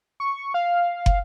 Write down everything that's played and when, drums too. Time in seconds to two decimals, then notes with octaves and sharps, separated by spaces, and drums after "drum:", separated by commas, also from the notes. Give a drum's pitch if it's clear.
0.20 C#6
0.54 F5
1.06 drum: kick